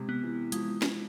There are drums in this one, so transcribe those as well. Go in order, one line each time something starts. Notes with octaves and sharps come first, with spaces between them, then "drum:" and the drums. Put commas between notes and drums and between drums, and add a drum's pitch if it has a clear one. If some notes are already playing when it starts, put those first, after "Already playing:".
Already playing: C3 G#3
B3
E3
F3 G#3, drum: hi-hat
drum: snare